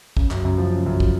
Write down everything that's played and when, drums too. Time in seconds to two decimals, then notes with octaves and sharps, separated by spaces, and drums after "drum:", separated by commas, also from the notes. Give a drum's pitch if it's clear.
0.17 C#3, drum: kick
0.31 F#2, drum: clap
0.45 F#2
0.58 F3
0.72 C#3
0.86 F#2
1.00 drum: kick